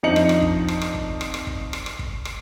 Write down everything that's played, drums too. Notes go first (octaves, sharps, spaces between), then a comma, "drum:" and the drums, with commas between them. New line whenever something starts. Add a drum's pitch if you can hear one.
F2 F3 D4 D#4 C#7 F#7
drum: rim click
drum: rim click
drum: kick
drum: rim click
drum: rim click
drum: kick
drum: rim click
drum: rim click
drum: kick
drum: rim click
drum: rim click
drum: kick
drum: rim click